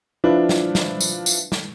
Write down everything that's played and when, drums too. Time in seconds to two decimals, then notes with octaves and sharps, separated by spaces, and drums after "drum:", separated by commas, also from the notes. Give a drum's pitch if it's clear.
0.24 F3 D4 E4 F4 B4
0.49 drum: snare
0.75 drum: snare
1.01 drum: tambourine
1.26 drum: tambourine
1.52 drum: snare